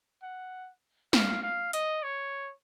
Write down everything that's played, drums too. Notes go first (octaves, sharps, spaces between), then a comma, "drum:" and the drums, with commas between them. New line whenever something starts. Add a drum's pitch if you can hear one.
F#5
F5, drum: snare
F5
D#5, drum: hi-hat
C#5